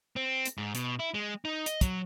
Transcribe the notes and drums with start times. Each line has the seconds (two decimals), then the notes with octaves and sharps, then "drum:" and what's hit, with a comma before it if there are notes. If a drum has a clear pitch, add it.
0.16 C4
0.45 drum: hi-hat
0.58 G#2
0.75 B2, drum: hi-hat
0.99 E4
1.14 G#3
1.45 D#4
1.66 D#5, drum: hi-hat
1.81 F#3, drum: kick, hi-hat